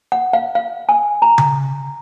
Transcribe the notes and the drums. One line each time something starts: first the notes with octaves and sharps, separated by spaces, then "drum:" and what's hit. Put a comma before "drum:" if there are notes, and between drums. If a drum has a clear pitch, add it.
F#5
F5
F5
G#5
A#5
drum: tom C#3